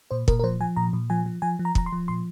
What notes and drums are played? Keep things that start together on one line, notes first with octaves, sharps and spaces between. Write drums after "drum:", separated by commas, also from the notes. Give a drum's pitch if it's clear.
A#2 C5
A#2 A#4, drum: kick
A#4
F3 C5
F3 G#5
A#2 A#5
A#2
F3 G#5
F3
F3 G#5
F3
A#5
F3 A#5, drum: kick
C6
F3
A#2 C6